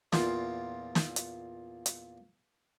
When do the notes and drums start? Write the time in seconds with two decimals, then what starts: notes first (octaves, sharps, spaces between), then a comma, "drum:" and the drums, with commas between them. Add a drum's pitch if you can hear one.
0.12 E2 A#2 F4, drum: snare
0.95 drum: snare
1.16 drum: hi-hat
1.86 drum: hi-hat